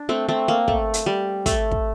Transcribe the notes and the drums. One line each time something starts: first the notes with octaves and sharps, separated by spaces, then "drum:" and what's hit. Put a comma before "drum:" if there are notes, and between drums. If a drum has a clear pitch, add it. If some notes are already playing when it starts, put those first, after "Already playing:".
Already playing: D4
A3 C4
A3 C4
A#3
A3, drum: kick
drum: hi-hat
G3
A3, drum: kick, hi-hat
drum: kick